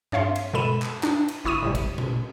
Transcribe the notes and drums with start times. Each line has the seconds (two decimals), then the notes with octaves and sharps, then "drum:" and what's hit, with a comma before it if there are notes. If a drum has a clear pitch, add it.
0.12 D4 C#5 E5 F5 C6, drum: tom G2
0.36 drum: cymbal
0.54 B2 G#3 A4 B5 D#7 E7
0.82 drum: clap
1.03 D4, drum: clap
1.28 drum: cymbal
1.44 G1 E4 C#6 D#6 D#7
1.62 A2 C3 G3
1.75 drum: kick, cymbal
1.98 drum: tom A#2